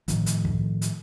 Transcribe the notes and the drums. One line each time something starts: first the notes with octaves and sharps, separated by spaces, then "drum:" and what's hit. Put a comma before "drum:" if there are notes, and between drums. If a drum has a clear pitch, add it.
A2 D#3 F3, drum: hi-hat
drum: hi-hat
drum: kick
drum: hi-hat